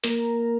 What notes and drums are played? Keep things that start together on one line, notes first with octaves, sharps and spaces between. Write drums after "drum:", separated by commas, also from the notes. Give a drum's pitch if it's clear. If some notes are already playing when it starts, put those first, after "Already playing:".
A#3 A#4, drum: hi-hat